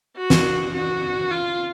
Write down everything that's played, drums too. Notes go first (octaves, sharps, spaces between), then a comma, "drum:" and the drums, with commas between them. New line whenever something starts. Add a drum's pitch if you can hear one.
F#4
drum: snare
F#4
F4